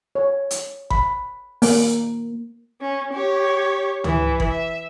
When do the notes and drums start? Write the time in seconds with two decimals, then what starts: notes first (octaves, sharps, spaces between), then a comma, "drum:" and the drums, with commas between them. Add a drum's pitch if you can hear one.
0.15 C#5
0.51 drum: hi-hat
0.90 B5, drum: kick G1
1.62 A#3, drum: open hi-hat
2.81 C#4
3.13 G4 C#5
4.04 E3, drum: tom
4.40 drum: kick G1
4.49 E5